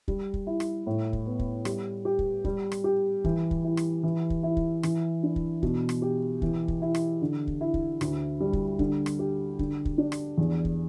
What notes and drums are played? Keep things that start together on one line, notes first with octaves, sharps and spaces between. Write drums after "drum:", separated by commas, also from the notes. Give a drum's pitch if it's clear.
G3, drum: kick
drum: kick
E4
drum: rim click
A2
drum: kick
B3
drum: kick
G3, drum: rim click
G4
drum: kick
G3, drum: kick
drum: rim click
G4
E3, drum: kick
drum: kick
E4
drum: rim click
E3
drum: kick
E4
drum: kick
E3, drum: rim click
D4
drum: kick
B2, drum: kick
drum: rim click
G4
E3, drum: kick
drum: kick
E4
drum: rim click
D3
drum: kick
E4
drum: kick
D2, drum: rim click
G3
drum: kick
D3, drum: kick
drum: rim click
G4
D3, drum: kick
drum: kick
D4
drum: rim click
E2
drum: kick